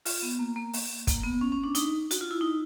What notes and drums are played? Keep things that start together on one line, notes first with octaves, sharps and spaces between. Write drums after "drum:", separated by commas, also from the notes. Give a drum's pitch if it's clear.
F4, drum: open hi-hat
B3
A#3
A#3
drum: open hi-hat
A#3, drum: kick, hi-hat
B3
C#4
C#4
D4
D#4, drum: hi-hat
F#4, drum: hi-hat
F4
E4
D#4